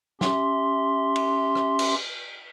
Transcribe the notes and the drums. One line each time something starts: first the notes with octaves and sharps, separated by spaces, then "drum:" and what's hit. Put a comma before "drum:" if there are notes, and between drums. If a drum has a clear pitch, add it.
C#4 G4 E5 C6, drum: snare
drum: cymbal
drum: rim click
drum: cymbal